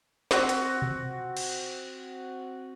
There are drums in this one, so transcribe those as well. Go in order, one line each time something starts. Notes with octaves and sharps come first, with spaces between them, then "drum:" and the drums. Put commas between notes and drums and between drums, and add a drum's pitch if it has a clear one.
C4 F#4, drum: snare
drum: hi-hat
drum: tom B2
drum: cymbal